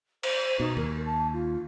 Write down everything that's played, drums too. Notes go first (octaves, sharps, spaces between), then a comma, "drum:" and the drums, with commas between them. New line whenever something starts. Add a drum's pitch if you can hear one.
C5, drum: cymbal
B2 D#4
D#2 A#4
A5
F4